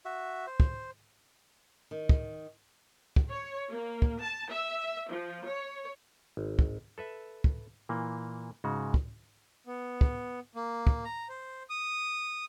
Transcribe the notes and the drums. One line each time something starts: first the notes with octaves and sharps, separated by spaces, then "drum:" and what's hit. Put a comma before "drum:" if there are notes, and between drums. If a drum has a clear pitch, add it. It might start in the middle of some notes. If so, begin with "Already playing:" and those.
F#4 E5
C5
drum: kick
D#3
drum: kick
drum: kick
C#5
A#3
drum: kick
A5
E5
F3
C#5
G#1
drum: kick
A4 B4 E5
drum: kick
A#2 E3 A#3
G#2 C#3 G#3 F#4
drum: kick
B3
drum: kick
A#3
drum: kick
A#5
C5
D#6